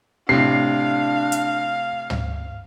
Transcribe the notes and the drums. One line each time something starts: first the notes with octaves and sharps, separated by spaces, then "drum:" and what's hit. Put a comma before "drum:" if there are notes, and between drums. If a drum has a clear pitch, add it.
A2 C3 D4 F5 C7
drum: hi-hat
drum: tom